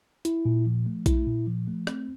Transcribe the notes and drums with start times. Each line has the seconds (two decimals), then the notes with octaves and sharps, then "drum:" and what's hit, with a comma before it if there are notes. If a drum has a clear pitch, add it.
0.25 E4, drum: hi-hat
0.45 A#2
0.66 F3
0.86 A3
1.06 E4, drum: kick B1, hi-hat
1.27 A#2
1.47 F3
1.68 A3
1.87 C4, drum: rim click